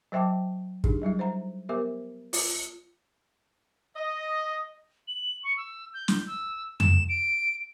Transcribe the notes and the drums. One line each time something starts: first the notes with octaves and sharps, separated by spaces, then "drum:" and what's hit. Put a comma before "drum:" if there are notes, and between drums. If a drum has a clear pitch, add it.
F#3 C5 E5 G5 A5 D6
D4 D#4 G4 G#4, drum: kick
F#3 G3 E4 E5
C5 E5 F#5 A#5
B3 G4 A#4 C5 E5 D6
F4, drum: open hi-hat
D#5
F#7
C#6
E6
G6
drum: snare
E6
E7, drum: tom F2
D7